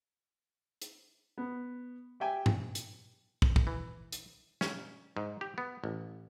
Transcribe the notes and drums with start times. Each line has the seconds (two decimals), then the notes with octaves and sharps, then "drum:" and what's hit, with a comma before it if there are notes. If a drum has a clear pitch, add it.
0.82 drum: hi-hat
1.38 B3
2.20 G4 E5 G5 G#5
2.46 drum: tom G2
2.75 drum: hi-hat
3.42 drum: kick
3.56 drum: kick
3.67 E3
4.12 drum: hi-hat
4.61 C#4, drum: snare
5.17 G#2
5.41 G4
5.58 B3
5.84 A1